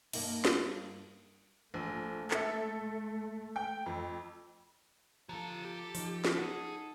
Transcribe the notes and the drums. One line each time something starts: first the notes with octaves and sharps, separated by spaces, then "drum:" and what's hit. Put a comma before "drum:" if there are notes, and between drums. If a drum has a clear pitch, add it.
G2 A#3 D#4, drum: cymbal
drum: snare
A#1 A3
A4 E5, drum: clap
G5
F2
F3 F4 G4 A4 A#5
G4
F3 D#4, drum: open hi-hat
drum: snare
D#4 G#4 F#5